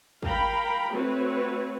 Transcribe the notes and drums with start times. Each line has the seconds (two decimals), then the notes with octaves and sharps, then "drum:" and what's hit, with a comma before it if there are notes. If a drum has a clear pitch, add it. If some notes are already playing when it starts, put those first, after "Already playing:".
0.23 A#4 F5 G5 A#5 B5, drum: kick
0.94 A3 C4 F#4 B4 C#5